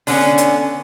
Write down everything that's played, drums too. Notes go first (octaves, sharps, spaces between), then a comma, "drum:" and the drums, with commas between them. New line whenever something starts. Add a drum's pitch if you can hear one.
D3 B3 C#4, drum: open hi-hat
drum: hi-hat